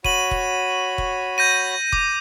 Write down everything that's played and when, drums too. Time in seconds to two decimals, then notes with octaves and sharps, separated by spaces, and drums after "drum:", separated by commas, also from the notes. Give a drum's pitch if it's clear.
0.04 F#4 C#5 B5 D#7 F#7, drum: kick E1
0.31 drum: kick E1
0.98 drum: kick E1
1.38 G6 A#6 D#7
1.92 D6, drum: kick E1